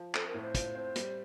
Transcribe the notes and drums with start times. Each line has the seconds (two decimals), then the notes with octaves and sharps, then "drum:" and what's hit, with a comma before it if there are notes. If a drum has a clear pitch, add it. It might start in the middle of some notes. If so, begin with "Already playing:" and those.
Already playing: F3
0.15 C4 A4, drum: clap
0.28 A#4
0.34 A2
0.41 C5
0.55 F4, drum: kick, hi-hat
0.75 C4
0.96 G3, drum: hi-hat